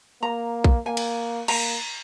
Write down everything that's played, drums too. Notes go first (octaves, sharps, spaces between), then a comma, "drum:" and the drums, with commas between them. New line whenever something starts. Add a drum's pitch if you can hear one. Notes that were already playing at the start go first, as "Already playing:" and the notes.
A#3 A#5
drum: kick A#1
A#3 G#5
drum: cymbal
A#3 A#5, drum: cymbal